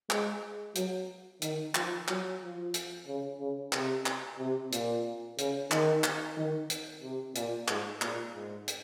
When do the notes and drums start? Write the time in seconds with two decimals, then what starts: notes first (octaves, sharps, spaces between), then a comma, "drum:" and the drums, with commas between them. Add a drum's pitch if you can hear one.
0.10 G#3, drum: clap
0.75 F#3, drum: hi-hat
1.42 D#3, drum: hi-hat
1.75 F3, drum: clap
2.08 F#3, drum: clap
2.41 F3
2.74 drum: hi-hat
3.07 C#3
3.40 C#3
3.73 C3, drum: clap
4.06 drum: clap
4.38 C3
4.72 A#2, drum: hi-hat
5.38 C#3, drum: hi-hat
5.71 D#3, drum: clap
6.04 drum: clap
6.37 D#3
6.70 drum: hi-hat
7.02 C3
7.35 A#2, drum: hi-hat
7.68 G#2, drum: clap
8.02 A#2, drum: clap
8.35 G#2
8.68 drum: hi-hat